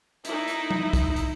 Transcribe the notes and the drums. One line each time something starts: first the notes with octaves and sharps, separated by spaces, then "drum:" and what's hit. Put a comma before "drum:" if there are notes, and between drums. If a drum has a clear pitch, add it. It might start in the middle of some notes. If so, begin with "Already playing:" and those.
D#4 E4, drum: hi-hat
drum: hi-hat
drum: tom F#3
drum: kick, hi-hat
drum: hi-hat